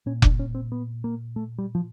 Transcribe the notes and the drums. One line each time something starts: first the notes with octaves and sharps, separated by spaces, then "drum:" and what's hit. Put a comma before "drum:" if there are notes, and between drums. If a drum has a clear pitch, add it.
A#2 C#4
D4, drum: kick F1
C#4
C4
B3
A#3
A3
G3
F3